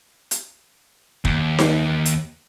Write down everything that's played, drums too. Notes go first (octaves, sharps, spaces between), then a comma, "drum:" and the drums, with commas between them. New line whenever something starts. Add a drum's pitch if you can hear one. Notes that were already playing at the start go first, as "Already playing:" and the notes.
drum: hi-hat
D#2, drum: kick
drum: snare D#4
drum: hi-hat